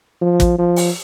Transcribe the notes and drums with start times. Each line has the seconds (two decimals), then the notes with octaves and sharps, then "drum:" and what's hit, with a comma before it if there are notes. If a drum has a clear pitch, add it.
0.22 F3
0.40 drum: kick, hi-hat
0.58 F3
0.76 drum: open hi-hat